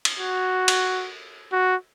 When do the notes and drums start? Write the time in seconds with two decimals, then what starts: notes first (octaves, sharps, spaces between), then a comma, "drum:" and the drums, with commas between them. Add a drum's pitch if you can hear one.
0.05 drum: cymbal
0.18 F#4
0.68 drum: cymbal
1.52 F#4